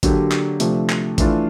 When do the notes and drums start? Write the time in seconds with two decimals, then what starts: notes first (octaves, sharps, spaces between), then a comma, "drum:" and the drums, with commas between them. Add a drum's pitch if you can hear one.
0.03 D3 F#3 A#3 D4 G4, drum: kick, hi-hat
0.32 drum: clap
0.60 C3 F3 A3 D4, drum: hi-hat
0.90 drum: clap
1.18 E3 A3 D4 F4 A4, drum: kick, hi-hat